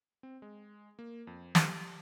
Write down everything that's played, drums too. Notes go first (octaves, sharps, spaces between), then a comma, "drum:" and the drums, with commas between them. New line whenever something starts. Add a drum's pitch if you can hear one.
C4
G#3
A#3
F2
G4, drum: snare